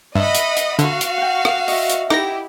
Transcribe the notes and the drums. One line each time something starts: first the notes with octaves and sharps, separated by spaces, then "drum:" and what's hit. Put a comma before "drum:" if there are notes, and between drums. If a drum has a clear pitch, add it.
G2 D#5 E5 F#5 B5
drum: hi-hat
drum: hi-hat
D3 F#4 F5, drum: hi-hat
drum: hi-hat
F#5 G5
drum: rim click
D#5 E5, drum: open hi-hat
drum: hi-hat
D#4 E4 G4 A#6, drum: rim click